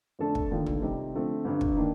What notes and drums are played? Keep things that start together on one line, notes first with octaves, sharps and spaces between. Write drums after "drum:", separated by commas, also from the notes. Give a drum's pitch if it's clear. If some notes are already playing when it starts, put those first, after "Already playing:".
F2 D3 A3 D4 A4
drum: kick
F1 D#2 D3 F3 A3
drum: tom
C3 G3 C4 D#4
D3 F3 A3 C4
G1 G2 D3
drum: kick
D#3 A#3 D4